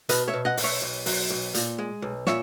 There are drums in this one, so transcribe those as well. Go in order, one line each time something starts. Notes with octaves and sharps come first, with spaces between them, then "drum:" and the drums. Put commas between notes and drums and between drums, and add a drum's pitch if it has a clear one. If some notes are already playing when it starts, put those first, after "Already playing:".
B2 B4 D#5, drum: hi-hat
C#5 E5
B2
D#5 F#5
B1, drum: open hi-hat
C#5 E5
B1
F#3, drum: open hi-hat
B1
A#2, drum: hi-hat
G#3
B1
A#2 C#5 E5, drum: snare